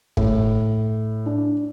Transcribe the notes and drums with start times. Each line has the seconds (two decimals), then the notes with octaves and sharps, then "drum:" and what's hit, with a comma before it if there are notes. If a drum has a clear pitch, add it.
0.17 A2, drum: kick
1.26 D4